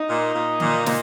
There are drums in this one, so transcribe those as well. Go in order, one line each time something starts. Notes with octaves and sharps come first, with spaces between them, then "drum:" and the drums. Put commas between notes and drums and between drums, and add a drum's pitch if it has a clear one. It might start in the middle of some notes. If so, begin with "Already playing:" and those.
Already playing: D#4
A#2
A#2
A#2, drum: tom D3
A#2, drum: snare